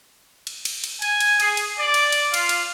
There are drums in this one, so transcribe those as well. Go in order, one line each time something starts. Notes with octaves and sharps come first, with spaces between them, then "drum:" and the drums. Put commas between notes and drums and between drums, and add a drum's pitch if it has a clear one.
drum: cymbal
drum: cymbal
drum: cymbal
G#5, drum: cymbal
drum: cymbal
G#4, drum: cymbal
drum: cymbal
D5
drum: cymbal
drum: cymbal
F4, drum: cymbal
drum: cymbal